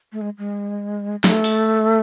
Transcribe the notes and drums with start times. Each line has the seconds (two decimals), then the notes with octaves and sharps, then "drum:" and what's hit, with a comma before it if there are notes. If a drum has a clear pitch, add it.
0.13 A3
0.21 G#3
0.38 G#3
1.24 A3, drum: snare
1.44 drum: open hi-hat